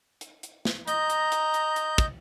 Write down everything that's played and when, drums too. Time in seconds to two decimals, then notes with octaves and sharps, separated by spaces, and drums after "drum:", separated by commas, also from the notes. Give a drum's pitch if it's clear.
0.21 drum: hi-hat
0.43 drum: hi-hat
0.65 drum: snare
0.88 D#5 A#5 G6, drum: hi-hat
1.10 drum: hi-hat
1.32 drum: hi-hat
1.54 drum: hi-hat
1.76 drum: hi-hat
1.98 drum: kick, hi-hat